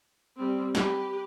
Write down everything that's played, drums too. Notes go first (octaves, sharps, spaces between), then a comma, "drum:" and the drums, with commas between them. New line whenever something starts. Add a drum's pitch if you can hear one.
G3 C4
G4 B4, drum: snare